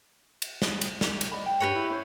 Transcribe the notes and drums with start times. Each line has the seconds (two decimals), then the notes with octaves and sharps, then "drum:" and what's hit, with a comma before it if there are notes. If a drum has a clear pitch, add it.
0.42 drum: cymbal
0.62 drum: snare
0.81 drum: cymbal
1.01 drum: snare
1.21 drum: cymbal
1.32 D5 D#5 B5
1.46 G5
1.60 G2 G4 B4 C#5
1.75 E4
1.90 C#4 C5 C#5